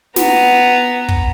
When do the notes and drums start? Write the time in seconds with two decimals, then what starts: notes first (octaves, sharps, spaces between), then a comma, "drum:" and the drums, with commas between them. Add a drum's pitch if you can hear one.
0.16 B3 A#5, drum: snare
1.08 drum: kick